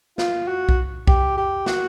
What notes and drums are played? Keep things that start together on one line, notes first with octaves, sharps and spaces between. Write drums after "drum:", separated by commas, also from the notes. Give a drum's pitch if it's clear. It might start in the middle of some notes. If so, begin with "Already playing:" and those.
F4, drum: snare
F#4
drum: kick B1
G4, drum: kick B1
G4
F#4, drum: snare